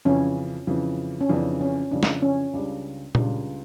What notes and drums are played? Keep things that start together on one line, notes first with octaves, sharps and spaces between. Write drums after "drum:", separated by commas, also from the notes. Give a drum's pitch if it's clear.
F2 C#3 E3 C#4
F2 C#3 E3
C#4
F2 C#3 E3 D4
C#4
F2 C#3 E3 D4
drum: snare
C#4
C#2 C#3 G3 D4
C#2 C#3 G3 D4, drum: tom A#2